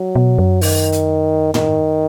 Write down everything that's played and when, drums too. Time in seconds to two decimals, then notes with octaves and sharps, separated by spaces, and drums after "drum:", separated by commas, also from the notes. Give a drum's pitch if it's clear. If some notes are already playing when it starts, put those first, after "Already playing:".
Already playing: F#3
0.15 B2
0.38 F#2
0.61 D#3, drum: open hi-hat
0.92 drum: hi-hat
1.54 D#3, drum: tom